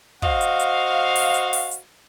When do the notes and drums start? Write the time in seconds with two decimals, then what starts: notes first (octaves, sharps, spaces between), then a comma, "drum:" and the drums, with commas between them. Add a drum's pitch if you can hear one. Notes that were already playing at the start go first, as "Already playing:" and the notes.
0.22 F#4 C5 D#5 F5, drum: kick
0.41 drum: hi-hat
0.60 drum: hi-hat
1.16 drum: open hi-hat
1.34 drum: hi-hat
1.53 drum: open hi-hat
1.71 drum: hi-hat